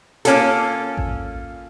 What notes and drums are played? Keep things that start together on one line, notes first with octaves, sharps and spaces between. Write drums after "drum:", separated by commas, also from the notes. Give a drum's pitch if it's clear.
A#3 C#4 F4 A4, drum: hi-hat
drum: kick A1